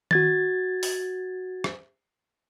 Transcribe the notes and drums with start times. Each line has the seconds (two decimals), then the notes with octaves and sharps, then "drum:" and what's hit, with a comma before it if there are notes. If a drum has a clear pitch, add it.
0.11 F#4 G#6 A6, drum: tom D#3
0.83 drum: open hi-hat
1.64 drum: rim click